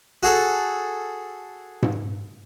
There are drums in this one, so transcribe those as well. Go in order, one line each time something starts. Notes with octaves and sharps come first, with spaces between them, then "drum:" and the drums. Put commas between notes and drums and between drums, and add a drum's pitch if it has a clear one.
F#4 G#4 A4
drum: tom G#2